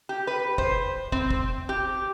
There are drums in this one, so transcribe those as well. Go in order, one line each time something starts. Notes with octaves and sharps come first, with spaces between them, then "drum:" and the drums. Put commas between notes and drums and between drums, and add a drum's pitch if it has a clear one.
G4
B4
C5, drum: kick
C4, drum: kick
drum: kick
G4